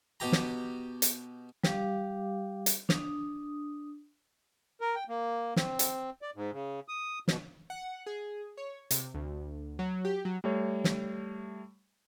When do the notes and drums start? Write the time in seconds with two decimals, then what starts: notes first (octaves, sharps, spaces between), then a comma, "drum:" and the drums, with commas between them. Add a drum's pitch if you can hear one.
0.20 B2 G4 A#5
0.32 drum: snare
1.02 drum: hi-hat
1.63 G3 G4 F5 D6, drum: snare
2.66 drum: hi-hat
2.89 D4 D#6, drum: snare
4.81 A#4
4.95 G5
5.08 A#3
5.56 C4, drum: snare
5.79 drum: hi-hat
6.22 D5
6.35 G#2
6.52 C#3
6.88 D#6
7.28 B2, drum: snare
7.70 F#5
8.06 G#4
8.57 C#5
8.91 C3, drum: hi-hat
9.14 D2
9.79 F#3
10.05 G4
10.25 F#3
10.44 G3 A3 C#5
10.84 drum: snare